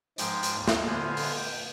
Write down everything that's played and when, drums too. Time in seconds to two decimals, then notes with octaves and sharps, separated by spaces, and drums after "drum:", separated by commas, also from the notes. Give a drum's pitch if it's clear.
0.18 G#2 F3 G#3 G5 D6, drum: hi-hat
0.43 drum: hi-hat
0.56 D#2
0.68 drum: snare
0.87 D3 B3 C5 F5 G#5
1.17 drum: open hi-hat
1.37 G5